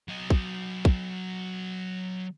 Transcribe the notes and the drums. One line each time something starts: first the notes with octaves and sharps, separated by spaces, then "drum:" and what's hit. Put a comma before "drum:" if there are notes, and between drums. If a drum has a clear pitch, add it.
F#3 D#5
drum: kick
drum: kick